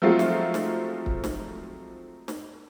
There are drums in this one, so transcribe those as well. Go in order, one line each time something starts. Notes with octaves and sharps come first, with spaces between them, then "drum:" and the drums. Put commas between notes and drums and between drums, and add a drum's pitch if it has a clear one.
F3 F#3 G#3 A3 C4 F4
drum: snare
drum: snare
drum: kick
drum: snare
drum: snare